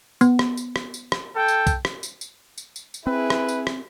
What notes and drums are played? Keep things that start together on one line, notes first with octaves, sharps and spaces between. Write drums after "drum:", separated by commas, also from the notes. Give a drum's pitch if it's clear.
B3, drum: tambourine
drum: rim click
drum: tambourine
drum: rim click
drum: tambourine
drum: rim click
A4 G5
drum: tambourine
drum: kick, tambourine
drum: rim click
drum: tambourine
drum: tambourine
drum: tambourine
drum: tambourine
drum: tambourine
C4 E4 G#4 B4
drum: rim click
drum: tambourine
drum: rim click